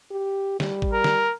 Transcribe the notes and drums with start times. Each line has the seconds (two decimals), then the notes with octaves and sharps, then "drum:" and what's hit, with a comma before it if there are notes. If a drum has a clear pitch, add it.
0.11 G4
0.60 G3, drum: snare
0.82 drum: kick
0.93 A#4
1.04 drum: snare